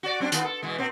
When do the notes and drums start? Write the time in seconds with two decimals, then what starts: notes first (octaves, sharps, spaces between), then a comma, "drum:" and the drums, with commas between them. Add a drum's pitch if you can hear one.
0.03 F#4 D5
0.20 F#3 C4 D4
0.32 D#3 B3 F4, drum: hi-hat
0.44 A4
0.62 B2 E3 G#3
0.78 A#2 C4